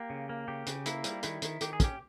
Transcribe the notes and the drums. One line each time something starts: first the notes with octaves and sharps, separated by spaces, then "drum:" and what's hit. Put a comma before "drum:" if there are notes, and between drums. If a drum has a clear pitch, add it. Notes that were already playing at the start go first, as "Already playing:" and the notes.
Already playing: A#3 G4
C#3
A#3
C#3 G4
C#3, drum: hi-hat
A#3 E4, drum: hi-hat
G3, drum: hi-hat
D#3 E4, drum: hi-hat
D#3, drum: hi-hat
D#3 G4, drum: hi-hat
G#4
C#4 G4, drum: kick, hi-hat